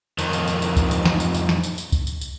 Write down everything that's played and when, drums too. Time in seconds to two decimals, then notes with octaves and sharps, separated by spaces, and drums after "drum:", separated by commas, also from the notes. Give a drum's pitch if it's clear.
0.19 F2 D#3, drum: tambourine
0.33 drum: tambourine
0.48 drum: tambourine
0.62 drum: tambourine
0.77 drum: kick, tambourine
0.91 drum: tambourine
1.05 drum: snare
1.20 drum: tambourine
1.34 drum: tambourine
1.49 drum: snare
1.63 drum: tambourine
1.78 drum: tambourine
1.92 drum: kick, tambourine
2.07 drum: tambourine
2.21 drum: tambourine